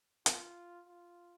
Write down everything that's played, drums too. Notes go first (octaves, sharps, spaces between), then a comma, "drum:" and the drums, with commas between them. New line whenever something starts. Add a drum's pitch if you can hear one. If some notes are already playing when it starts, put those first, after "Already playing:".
F4, drum: hi-hat
F4